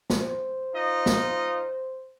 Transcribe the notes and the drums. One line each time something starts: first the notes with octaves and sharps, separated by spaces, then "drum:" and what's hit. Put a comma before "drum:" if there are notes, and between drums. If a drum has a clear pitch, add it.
drum: snare
C5
D#4 F4 D#5
drum: snare